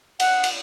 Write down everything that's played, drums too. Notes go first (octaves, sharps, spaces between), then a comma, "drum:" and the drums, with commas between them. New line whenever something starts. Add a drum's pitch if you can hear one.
F#5, drum: cymbal
drum: cymbal